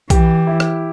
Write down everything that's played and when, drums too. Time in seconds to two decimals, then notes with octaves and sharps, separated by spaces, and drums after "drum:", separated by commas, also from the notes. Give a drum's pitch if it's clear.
0.10 E3 G4, drum: kick B1, hi-hat
0.47 E4
0.60 drum: rim click